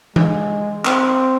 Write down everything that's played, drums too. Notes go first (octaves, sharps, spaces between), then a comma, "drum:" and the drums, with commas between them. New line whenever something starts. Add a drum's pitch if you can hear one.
G#3, drum: tom E3
C4, drum: clap